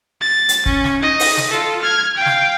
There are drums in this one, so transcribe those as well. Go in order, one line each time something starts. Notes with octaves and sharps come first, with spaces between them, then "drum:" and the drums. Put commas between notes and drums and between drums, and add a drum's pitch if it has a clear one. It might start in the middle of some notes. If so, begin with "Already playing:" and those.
A6
drum: hi-hat
C#4, drum: kick
drum: snare
D#4 D#5
drum: open hi-hat
drum: snare
F4 A4
F6 G#6
F5 G5
drum: snare